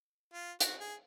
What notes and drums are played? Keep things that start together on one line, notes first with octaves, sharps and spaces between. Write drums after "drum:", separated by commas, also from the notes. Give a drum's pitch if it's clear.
F4
F#4, drum: hi-hat
G#4